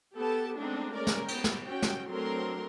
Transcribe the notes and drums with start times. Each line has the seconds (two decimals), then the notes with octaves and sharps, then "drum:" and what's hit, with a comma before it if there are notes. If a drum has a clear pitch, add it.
0.15 B3 G4 A4 A5
0.56 G#3 A3 B3 C4 D4 D#4
0.93 G#3 A#3 C#4 A#4 D5
1.07 drum: snare
1.28 B3 G5, drum: cymbal
1.44 drum: snare
1.67 C#4 F#4 G5
1.82 drum: snare
2.07 F#3 A3 C4 D4 A#4 C6